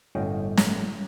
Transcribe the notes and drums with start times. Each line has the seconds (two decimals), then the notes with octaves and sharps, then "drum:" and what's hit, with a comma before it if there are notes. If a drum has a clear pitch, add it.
0.15 G1 A2 C#4 F#4 D#5 G5
0.57 drum: snare